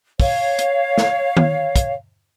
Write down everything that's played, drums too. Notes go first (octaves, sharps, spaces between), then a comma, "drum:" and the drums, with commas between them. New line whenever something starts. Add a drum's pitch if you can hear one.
C#5 F5, drum: kick, open hi-hat
drum: hi-hat
drum: snare
drum: tom D#3
drum: kick, hi-hat